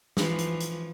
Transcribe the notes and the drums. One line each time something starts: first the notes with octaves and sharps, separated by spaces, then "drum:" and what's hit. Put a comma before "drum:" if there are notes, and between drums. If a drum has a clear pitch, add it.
E3 F3, drum: snare
drum: hi-hat
drum: hi-hat